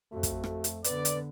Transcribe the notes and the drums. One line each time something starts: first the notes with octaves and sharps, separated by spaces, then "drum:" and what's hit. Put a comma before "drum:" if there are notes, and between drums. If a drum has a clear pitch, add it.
F2 A3 F#4
drum: kick, hi-hat
drum: rim click
drum: hi-hat
D3 B3 B4 D5, drum: hi-hat
drum: hi-hat